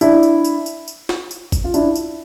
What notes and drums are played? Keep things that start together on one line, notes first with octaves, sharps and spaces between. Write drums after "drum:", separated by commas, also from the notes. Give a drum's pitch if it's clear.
D4 E4, drum: tambourine
drum: tambourine
drum: tambourine
drum: tambourine
drum: tambourine
drum: snare
drum: tambourine
drum: kick, tambourine
F4
D4 E4, drum: tambourine
drum: tambourine